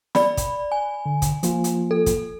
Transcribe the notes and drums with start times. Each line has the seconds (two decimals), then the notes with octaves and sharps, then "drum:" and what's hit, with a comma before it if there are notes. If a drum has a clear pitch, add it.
0.15 D5 B5, drum: snare
0.37 drum: kick, hi-hat
0.72 G#5
1.06 D3
1.22 drum: kick, hi-hat
1.43 F3 A#3 F4, drum: hi-hat
1.64 drum: hi-hat
1.91 A4
2.06 drum: kick, hi-hat